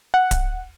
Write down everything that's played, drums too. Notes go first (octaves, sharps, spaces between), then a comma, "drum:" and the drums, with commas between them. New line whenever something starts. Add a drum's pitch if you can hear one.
F#5
drum: kick D1, hi-hat